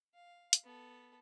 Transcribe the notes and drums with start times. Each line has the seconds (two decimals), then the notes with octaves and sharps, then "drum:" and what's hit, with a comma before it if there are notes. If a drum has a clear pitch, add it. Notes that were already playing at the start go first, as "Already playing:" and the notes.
0.14 F5
0.53 drum: hi-hat
0.64 B3 A4